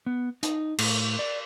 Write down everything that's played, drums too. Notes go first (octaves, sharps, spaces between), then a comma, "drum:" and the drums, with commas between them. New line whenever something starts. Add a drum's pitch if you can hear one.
B3
D#4, drum: hi-hat
A2, drum: cymbal
D5